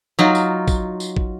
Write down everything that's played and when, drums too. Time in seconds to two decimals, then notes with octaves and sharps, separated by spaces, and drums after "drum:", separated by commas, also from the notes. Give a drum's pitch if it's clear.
0.19 F#3 D#4 F4
0.35 drum: tambourine
0.68 drum: kick, tambourine
1.00 drum: tambourine
1.17 drum: kick